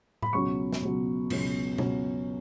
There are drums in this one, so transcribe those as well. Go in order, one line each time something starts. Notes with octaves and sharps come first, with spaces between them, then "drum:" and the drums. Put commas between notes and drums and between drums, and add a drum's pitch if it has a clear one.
B5, drum: tom A2
C#2 B2 F#3 C#4 C#6
drum: snare
C#2 B2 F#3 C#4
C#2 B2 F#3 C#4, drum: cymbal
C#2 B2 F#3 C#4, drum: tom